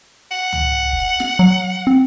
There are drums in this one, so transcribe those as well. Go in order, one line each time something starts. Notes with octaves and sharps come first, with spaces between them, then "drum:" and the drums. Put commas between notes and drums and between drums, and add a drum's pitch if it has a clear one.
F#5
drum: tom C#2
drum: kick
drum: snare
F#3
C4